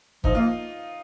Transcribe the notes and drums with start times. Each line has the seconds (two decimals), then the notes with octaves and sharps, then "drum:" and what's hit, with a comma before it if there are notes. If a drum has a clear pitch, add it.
0.24 F3 D#4, drum: kick G1
0.35 A#3 F4